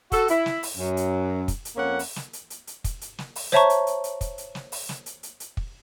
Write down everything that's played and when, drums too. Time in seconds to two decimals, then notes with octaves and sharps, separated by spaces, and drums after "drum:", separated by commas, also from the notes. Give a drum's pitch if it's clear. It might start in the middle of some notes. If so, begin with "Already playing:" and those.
0.12 F#4 A4, drum: kick, hi-hat
0.28 E4, drum: hi-hat
0.46 drum: snare
0.63 drum: open hi-hat
0.77 F#2
0.97 drum: hi-hat
1.48 drum: kick, hi-hat
1.65 drum: hi-hat
1.76 F2 A#3 C#4 F#5
1.99 drum: open hi-hat
2.16 drum: snare
2.33 drum: hi-hat
2.50 drum: hi-hat
2.67 drum: hi-hat
2.84 drum: kick, hi-hat
3.01 drum: hi-hat
3.18 drum: snare
3.36 drum: open hi-hat
3.52 C5 C#5 E5 A5 A#5 C#6, drum: snare
3.70 drum: hi-hat
3.87 drum: hi-hat
4.04 drum: hi-hat
4.21 drum: kick, hi-hat
4.38 drum: hi-hat
4.55 drum: snare
4.72 drum: open hi-hat
4.89 drum: snare
5.06 drum: hi-hat
5.23 drum: hi-hat
5.40 drum: hi-hat
5.57 drum: kick